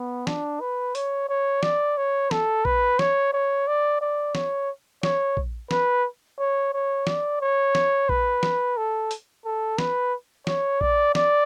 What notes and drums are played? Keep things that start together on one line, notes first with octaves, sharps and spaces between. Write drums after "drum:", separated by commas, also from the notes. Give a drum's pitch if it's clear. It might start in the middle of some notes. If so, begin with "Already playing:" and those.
Already playing: B3
D4, drum: snare
B4
C#5, drum: hi-hat
C#5
D5, drum: snare
C#5
A4, drum: snare
B4, drum: kick A#1
C#5, drum: snare
C#5
D5
D5
C#5, drum: snare
C#5, drum: snare
drum: kick A#1
B4, drum: snare
C#5
C#5
D5, drum: snare
C#5
drum: snare
B4, drum: kick A#1
drum: snare
A4
drum: hi-hat
A4
B4, drum: snare
C#5, drum: snare
D5, drum: kick A#1
D5, drum: snare